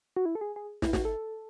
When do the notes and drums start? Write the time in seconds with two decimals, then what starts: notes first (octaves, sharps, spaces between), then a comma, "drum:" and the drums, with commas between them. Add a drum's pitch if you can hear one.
0.16 F#4
0.26 E4
0.35 A4
0.41 G#4
0.56 G#4
0.82 E4, drum: snare
0.93 F#4, drum: snare
1.05 A4